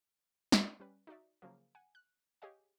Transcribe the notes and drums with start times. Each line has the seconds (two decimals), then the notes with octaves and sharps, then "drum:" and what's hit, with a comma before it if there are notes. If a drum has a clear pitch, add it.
0.52 drum: snare
0.80 G3 C#4 B4
1.07 D#4 F#4 D5 E5
1.42 C#3 F3 F#3 A#3
1.75 F#5 G#5
1.95 F#6
2.42 G4 G#4 C#5 D#5 F5 G#5